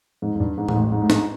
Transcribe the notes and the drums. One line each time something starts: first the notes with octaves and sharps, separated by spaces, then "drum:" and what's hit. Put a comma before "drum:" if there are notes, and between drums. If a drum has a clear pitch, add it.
G#2
G#2
G2
G#2
G#2, drum: tom A2
A1 A2
G#2
A2
G#2, drum: snare